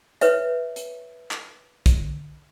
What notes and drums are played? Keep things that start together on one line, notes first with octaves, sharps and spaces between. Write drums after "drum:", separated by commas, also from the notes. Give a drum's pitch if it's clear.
B4 C#5 E5, drum: hi-hat
drum: hi-hat
drum: clap
drum: kick, hi-hat